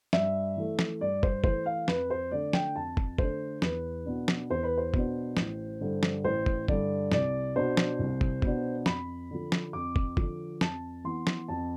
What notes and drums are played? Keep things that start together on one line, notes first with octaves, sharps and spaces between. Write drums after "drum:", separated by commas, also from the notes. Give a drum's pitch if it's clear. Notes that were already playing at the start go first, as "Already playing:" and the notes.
G2 E5, drum: snare
E3 A3
drum: snare
G2 D5
C5, drum: kick
E3 A3 C5, drum: kick
F5
F2 B4, drum: snare
C5
D3 A3 D4 D5
G5, drum: snare
F2 A5
drum: kick
D3 A3 D4 C5, drum: kick
E2 B4, drum: snare
B2 B3 D4
drum: snare
E2 C5
B4
C5
B2 B3 D4, drum: kick
A1, drum: snare
G2 D3
drum: snare
A1 C5
drum: kick
G2 D3 D5, drum: kick
C2 D5, drum: snare
B2 B3 D4 C5
drum: snare
C2
drum: kick
B2 B3 D4, drum: kick
F2 B5, drum: snare
D3 F3
drum: snare
F2 D6
drum: kick
D3 F3, drum: kick
F2 A5, drum: snare
E3 B3 C6
drum: snare
F2 A5